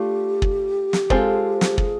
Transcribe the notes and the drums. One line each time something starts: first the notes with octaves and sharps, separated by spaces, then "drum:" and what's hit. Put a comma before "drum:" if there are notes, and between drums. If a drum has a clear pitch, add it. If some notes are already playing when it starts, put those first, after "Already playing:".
Already playing: A3 D4 F4 G4
drum: kick
drum: snare
G#3 C4 F4 A4 C5, drum: kick
drum: snare
G#4, drum: kick